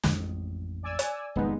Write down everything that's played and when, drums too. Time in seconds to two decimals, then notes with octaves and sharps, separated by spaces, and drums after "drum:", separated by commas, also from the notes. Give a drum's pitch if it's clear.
0.03 A1 F2 G#3, drum: snare
0.83 D5 G#5 E6
0.99 drum: hi-hat
1.36 D#1 F2 G#3 B3 D#4